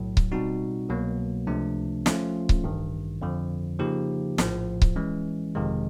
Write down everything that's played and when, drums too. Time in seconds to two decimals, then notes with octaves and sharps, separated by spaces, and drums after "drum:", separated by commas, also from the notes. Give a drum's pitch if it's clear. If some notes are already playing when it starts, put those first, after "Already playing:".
Already playing: B1 A2 F#3
0.17 drum: kick C#1
0.32 B2 G3 C4 D#4 F#4
0.89 C2 B2 F#3 A#3
1.47 C#2 C3 F3 A3 D4
2.06 F3 A3 C#4 F4, drum: snare
2.49 drum: kick C#1
2.64 A1 G2 D#3
3.22 F2 D3 F3
3.79 C#3 F3 A#3 D#4 G4
4.38 A#1 A2 F3, drum: snare
4.82 drum: kick C#1
4.96 E3 G#3 C#4
5.55 G1 F2 C3 D#3 G#3